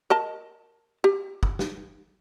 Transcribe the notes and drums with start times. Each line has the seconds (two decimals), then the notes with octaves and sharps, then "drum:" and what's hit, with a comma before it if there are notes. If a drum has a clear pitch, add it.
0.10 A#4 D#5 A5
1.04 G4
1.43 drum: kick
1.59 drum: snare